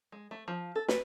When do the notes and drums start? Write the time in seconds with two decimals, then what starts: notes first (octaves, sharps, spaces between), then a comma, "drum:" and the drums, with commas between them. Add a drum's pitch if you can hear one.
0.12 G#3
0.31 A3
0.48 F3
0.76 A4
0.88 B4, drum: snare